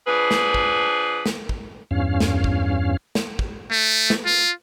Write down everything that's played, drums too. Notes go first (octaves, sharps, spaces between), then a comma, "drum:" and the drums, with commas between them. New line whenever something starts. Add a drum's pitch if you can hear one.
F3 D4 G#4 B4
drum: snare
drum: kick
drum: snare
drum: kick
E2 G2 C#4 F5
drum: snare
drum: kick
drum: snare
drum: kick
A3
drum: snare
F4